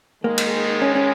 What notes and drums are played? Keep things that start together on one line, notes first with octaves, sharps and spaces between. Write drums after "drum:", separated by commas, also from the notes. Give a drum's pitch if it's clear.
G#2 D#3 G#3 A#3
drum: cymbal
C#4
C#4